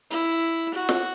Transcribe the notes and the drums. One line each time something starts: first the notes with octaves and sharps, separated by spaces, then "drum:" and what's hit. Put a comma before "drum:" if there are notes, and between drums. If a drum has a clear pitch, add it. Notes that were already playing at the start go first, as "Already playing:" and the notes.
E4
F#4
drum: snare